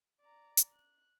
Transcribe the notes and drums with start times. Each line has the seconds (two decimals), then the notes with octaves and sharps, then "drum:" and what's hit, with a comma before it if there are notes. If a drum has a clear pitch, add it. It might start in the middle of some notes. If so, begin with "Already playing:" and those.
0.20 D5 A#5
0.57 drum: hi-hat
0.72 F#6